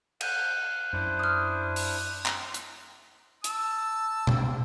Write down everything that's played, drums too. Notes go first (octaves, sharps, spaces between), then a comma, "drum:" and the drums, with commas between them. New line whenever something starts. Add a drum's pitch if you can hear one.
F5 F#6 G6 D#7, drum: cymbal
F#2 D4 E4 C5
D#6 F6
drum: open hi-hat
drum: clap
drum: hi-hat
A5 E6, drum: hi-hat
drum: tom B2